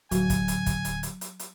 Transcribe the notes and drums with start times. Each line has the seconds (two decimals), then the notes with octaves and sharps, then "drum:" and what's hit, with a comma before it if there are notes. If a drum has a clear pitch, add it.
0.11 D1 F#3 G#5, drum: hi-hat
0.30 drum: kick, hi-hat
0.48 drum: hi-hat
0.66 drum: kick, hi-hat
0.85 drum: hi-hat
1.03 drum: hi-hat
1.21 drum: hi-hat
1.39 drum: hi-hat